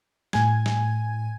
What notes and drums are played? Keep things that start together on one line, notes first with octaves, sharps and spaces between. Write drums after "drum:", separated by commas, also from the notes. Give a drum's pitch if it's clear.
A2 G#5 G#6, drum: snare
drum: snare